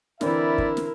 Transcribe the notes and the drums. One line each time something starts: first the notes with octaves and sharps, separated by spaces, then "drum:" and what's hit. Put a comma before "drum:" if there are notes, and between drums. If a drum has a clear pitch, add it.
D3 E3 C4 E4 A#4 D5 E5 B5, drum: snare
drum: kick
drum: snare